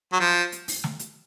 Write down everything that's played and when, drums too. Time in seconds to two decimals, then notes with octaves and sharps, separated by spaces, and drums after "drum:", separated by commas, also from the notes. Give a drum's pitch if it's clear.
0.13 F#3
0.20 F3
0.52 drum: hi-hat
0.68 drum: open hi-hat
0.84 drum: snare
0.99 drum: hi-hat